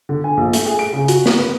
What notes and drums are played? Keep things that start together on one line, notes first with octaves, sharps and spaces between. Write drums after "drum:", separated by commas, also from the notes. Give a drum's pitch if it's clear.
D3
G#5
A#1
A3, drum: hi-hat
G#4
D7
C#3
F#4, drum: hi-hat
A#4, drum: snare
B3